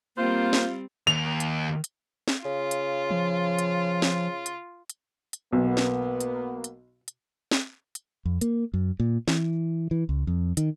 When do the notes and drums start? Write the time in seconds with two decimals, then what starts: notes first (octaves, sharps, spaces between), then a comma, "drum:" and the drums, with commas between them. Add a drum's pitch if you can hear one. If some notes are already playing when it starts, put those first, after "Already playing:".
0.17 G3 A#3 C4 F4 C5
0.53 drum: snare
1.07 D#2 F7
1.40 drum: hi-hat
1.84 drum: hi-hat
2.28 drum: snare
2.45 C#3 F4
2.71 drum: hi-hat
3.11 F3
3.59 drum: hi-hat
4.02 drum: snare
4.46 drum: hi-hat
4.90 drum: hi-hat
5.33 drum: hi-hat
5.53 B1 A#3 B3
5.77 drum: snare
6.20 drum: hi-hat
6.64 drum: hi-hat
7.08 drum: hi-hat
7.51 drum: snare
7.95 drum: hi-hat
8.25 F2
8.41 A#3, drum: hi-hat
8.74 F#2
9.00 A#2
9.28 E3, drum: snare
9.91 E3
10.09 C#2
10.27 F2
10.57 D#3, drum: hi-hat